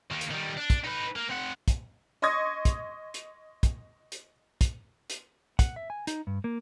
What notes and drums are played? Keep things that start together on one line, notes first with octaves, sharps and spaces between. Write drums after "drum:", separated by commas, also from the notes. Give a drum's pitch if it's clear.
D#3 A#3
drum: hi-hat
D#3 G3
D4
drum: kick, hi-hat
D#4 B4
A#3
C4 F#5
drum: kick, hi-hat
D#5 C6 C#6 D#6 G#6 A#6
drum: kick, hi-hat
drum: hi-hat
drum: kick, hi-hat
drum: hi-hat
drum: kick, hi-hat
drum: hi-hat
F#5, drum: kick, hi-hat
E5
G#5
D#4, drum: hi-hat
G2
A#3